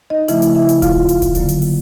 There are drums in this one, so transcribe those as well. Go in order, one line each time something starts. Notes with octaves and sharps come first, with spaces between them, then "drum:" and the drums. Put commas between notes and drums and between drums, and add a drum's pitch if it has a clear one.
D#4 D#5
C#3 F3 A3 E4 E5, drum: hi-hat
drum: hi-hat
E4 E5
drum: hi-hat
F4 F5, drum: kick D#1, hi-hat
drum: hi-hat
drum: kick D#1, hi-hat
D3 F#3 A#3, drum: hi-hat
drum: hi-hat
drum: open hi-hat